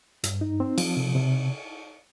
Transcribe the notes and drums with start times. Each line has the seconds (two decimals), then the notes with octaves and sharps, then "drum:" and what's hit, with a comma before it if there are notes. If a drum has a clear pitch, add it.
0.24 G2, drum: hi-hat
0.41 D#4
0.60 C4
0.78 F3, drum: cymbal
0.97 C3
1.15 C3